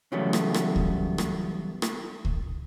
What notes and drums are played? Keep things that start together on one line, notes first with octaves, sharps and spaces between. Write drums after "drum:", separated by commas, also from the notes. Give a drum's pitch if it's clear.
C#3 E3 F#3 G3 A3 B3
drum: rim click
drum: rim click
drum: kick C#2
drum: rim click
drum: rim click
drum: kick C#2